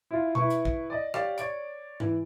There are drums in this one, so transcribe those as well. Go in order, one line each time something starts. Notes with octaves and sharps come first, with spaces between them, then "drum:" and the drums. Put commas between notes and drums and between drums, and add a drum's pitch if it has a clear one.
E4 F4
E4 B4 C#6, drum: tom B2
drum: hi-hat
drum: kick
D5 D#5
G4 C#5 D5 F5, drum: rim click
C#5 D5 D7, drum: hi-hat
E3, drum: tom G#2